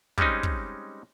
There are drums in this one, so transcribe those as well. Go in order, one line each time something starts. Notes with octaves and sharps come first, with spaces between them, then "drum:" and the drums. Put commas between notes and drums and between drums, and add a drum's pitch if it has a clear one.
G3 G#3 C4 C#4 D#4, drum: kick
drum: kick